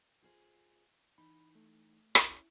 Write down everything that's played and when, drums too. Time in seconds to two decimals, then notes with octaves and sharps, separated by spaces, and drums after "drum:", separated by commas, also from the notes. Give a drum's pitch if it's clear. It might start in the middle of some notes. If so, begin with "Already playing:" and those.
0.22 F4 G#4 C5
1.18 E3 D#4 B5
1.55 A3
2.15 drum: rim click
2.28 C#4 E4